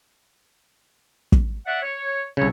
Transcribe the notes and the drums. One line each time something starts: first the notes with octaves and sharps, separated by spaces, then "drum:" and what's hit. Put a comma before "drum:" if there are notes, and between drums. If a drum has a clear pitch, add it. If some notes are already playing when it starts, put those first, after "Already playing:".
drum: kick
D5 E5 F#5
C#5
C2 C#3 A4 C#5